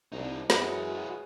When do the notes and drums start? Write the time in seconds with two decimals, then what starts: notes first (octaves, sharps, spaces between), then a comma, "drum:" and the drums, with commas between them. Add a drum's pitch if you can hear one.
0.12 C2 D4 D#4
0.50 F#2 G#3 B3 E4 F#4 C#5, drum: snare